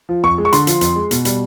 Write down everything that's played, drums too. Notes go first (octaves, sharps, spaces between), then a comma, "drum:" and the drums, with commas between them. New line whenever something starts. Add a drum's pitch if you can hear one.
F3
F2 C#6
G#3
C#6
D3 C6, drum: hi-hat
F3, drum: hi-hat
F2, drum: hi-hat
G#3
B2, drum: hi-hat
G3, drum: hi-hat